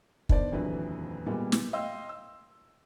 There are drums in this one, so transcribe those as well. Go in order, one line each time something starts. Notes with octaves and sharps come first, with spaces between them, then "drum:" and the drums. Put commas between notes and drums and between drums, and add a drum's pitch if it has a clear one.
D#3 B3 D4 B4 C5 D5, drum: kick
D#1 F2 D3 E3 F#3 B4
A#2 G3 G#3 A#3 B3
drum: snare
D#5 F5 G5 C6 E6
E6